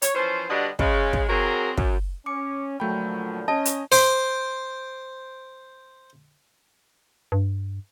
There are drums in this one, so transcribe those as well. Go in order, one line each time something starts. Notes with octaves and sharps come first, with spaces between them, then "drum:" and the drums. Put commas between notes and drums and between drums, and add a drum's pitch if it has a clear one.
C#5, drum: hi-hat
E3 F3 C#4 C5
D3 G3 D4 F#4 B4 D#5
C#3 G#3, drum: kick
drum: kick
F#3 C4 F#4 G#4 A#4
F#2, drum: kick
C#4 D6 C#7
A#2 D3 F3 F#3 A3 G5 B5 G6
C#4 D#5 A5
drum: hi-hat
C5 D6, drum: open hi-hat
G2